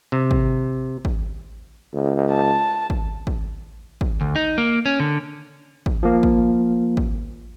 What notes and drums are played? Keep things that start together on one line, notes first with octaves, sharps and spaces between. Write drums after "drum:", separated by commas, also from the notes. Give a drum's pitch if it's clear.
C3
drum: kick G#1
drum: kick G#1
C#2
A5
drum: kick G#1
drum: kick G#1
drum: kick G#1
D2
D#4
A#3
C#4
D3
drum: kick G#1
F3 A#3
drum: kick G#1
drum: kick G#1